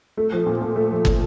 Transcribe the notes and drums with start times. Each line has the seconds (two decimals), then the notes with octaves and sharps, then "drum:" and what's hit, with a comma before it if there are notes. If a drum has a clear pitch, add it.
0.17 A3
0.32 F3
0.46 A#2
0.62 A#2
0.76 A3
0.91 F3
1.05 A#2, drum: kick